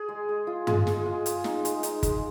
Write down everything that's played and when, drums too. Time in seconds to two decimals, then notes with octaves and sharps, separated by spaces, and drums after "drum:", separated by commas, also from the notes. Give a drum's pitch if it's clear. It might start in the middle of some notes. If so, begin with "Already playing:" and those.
Already playing: G#4
0.09 G#3
0.29 G#3
0.47 F4
0.67 G#3 F4 G#4, drum: tom G2
0.87 G#3, drum: snare
1.05 F4
1.26 G#3, drum: hi-hat
1.44 D#4, drum: snare
1.65 G#3, drum: hi-hat
1.83 D#4, drum: hi-hat
2.03 G#3, drum: kick G1, hi-hat